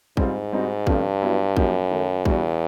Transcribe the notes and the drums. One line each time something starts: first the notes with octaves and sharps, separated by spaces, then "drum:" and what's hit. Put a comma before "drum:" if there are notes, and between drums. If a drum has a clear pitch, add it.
G#2 G3 C4 F4 G#4, drum: kick
G3 C4 D#4 F#4
G2 C#3 F3 A3 C4 F4, drum: kick
F#3 B3 E4
F#2 F3 A#3 D#4 G4, drum: kick
D#3 F#3 A3
E2 B2 G3 B3 D4 F#4, drum: kick